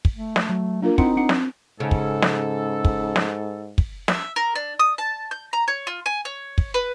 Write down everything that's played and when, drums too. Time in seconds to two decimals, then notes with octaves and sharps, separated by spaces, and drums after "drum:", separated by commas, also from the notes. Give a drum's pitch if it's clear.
0.05 drum: kick
0.16 A3
0.36 drum: snare
0.49 F#3
0.82 A#3 D4 F4 A#4
0.98 C4 D#4 E4 F#5 C6, drum: kick
1.17 D4 F#5
1.29 drum: snare
1.80 G#2 C#3 A4
1.91 drum: kick
2.22 drum: snare
2.85 drum: kick
3.16 drum: snare
3.78 drum: kick
4.08 E5, drum: snare
4.36 A#4
4.55 D4
4.79 D#6
4.98 A5
5.31 G6
5.53 A#5
5.68 C#5
5.87 F4
6.06 G#5
6.25 C#5
6.58 drum: kick
6.74 B4